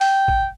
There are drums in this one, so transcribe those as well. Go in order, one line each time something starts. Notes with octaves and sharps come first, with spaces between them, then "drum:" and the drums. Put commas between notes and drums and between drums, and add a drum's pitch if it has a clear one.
G5, drum: open hi-hat
drum: kick